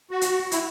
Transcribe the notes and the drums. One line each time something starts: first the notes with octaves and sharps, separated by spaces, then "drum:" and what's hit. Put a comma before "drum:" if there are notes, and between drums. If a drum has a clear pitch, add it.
F#4
drum: hi-hat
E4, drum: hi-hat